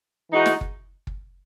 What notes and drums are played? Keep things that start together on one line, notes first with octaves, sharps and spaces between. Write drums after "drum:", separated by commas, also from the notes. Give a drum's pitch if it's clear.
E3 G#3 D#4 F#4
drum: snare
drum: kick
drum: kick